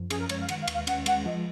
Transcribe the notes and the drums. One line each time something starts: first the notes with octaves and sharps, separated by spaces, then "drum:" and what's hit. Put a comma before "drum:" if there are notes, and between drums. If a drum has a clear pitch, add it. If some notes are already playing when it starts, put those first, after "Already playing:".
Already playing: F#2 F3
C#4 G#4, drum: cymbal
A#4
G#3 C#5, drum: cymbal
F5
D#3 F#5, drum: cymbal
F5
D#2, drum: cymbal
F5
C#4 F#5, drum: cymbal
G#3 F#5, drum: cymbal
F3 D#5